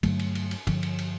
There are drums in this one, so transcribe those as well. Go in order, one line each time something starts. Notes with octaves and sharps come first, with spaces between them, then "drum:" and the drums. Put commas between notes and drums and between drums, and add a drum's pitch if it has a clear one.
G2 D3 F#3 A3, drum: kick, cymbal
drum: cymbal
drum: cymbal
drum: cymbal
G2 D3 F3, drum: kick, cymbal
drum: cymbal
drum: cymbal